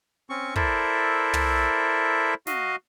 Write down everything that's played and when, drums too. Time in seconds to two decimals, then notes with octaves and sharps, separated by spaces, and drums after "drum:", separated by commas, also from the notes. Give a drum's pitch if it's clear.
0.30 C4 C#4 C#6
0.56 E4 A4 A#4 C5 D5 E5, drum: kick
1.33 drum: tom
2.47 F#4 D#5 F5, drum: snare